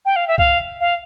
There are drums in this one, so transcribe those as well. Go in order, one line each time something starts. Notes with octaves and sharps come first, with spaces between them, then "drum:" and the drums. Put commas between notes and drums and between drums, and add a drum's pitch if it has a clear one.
G5
F5
E5
F5, drum: kick
F5